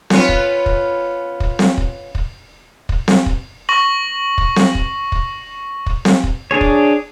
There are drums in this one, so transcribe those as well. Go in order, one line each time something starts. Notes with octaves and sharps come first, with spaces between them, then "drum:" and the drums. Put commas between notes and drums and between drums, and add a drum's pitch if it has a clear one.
B3 C#4 F4, drum: snare C4
drum: kick
drum: kick
drum: kick
drum: snare C4
drum: kick
drum: kick
drum: kick
drum: snare C4
drum: kick
C#6 A#6 F#7
drum: kick
drum: snare C4
drum: kick
drum: kick
drum: kick
drum: snare C4
drum: kick
D4 G#4 C#5
drum: kick